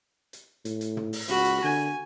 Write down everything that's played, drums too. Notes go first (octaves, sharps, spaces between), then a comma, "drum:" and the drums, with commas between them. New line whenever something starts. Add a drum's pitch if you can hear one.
drum: hi-hat
A2, drum: hi-hat
drum: hi-hat
drum: tom
drum: open hi-hat
C#2 F#4 B5, drum: hi-hat
drum: hi-hat
D3 G#5